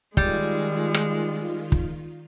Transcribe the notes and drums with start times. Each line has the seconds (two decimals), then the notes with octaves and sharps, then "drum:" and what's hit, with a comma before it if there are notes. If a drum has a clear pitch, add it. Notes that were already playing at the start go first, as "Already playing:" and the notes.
0.17 D#3 G3 G#3 F4, drum: kick
0.94 drum: rim click
1.72 drum: kick